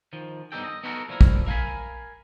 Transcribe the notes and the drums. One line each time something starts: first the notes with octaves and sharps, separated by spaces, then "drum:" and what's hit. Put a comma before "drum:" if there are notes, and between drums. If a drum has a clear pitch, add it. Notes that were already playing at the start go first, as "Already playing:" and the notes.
D#3 F3
G2 B3 D#4 G4 A4 G5
D#5
B3 D#4 E4 F#4 A4 A#4
A#2 F3 E4 A#4
drum: kick A#1
A#4 F5 G5 G#5 B5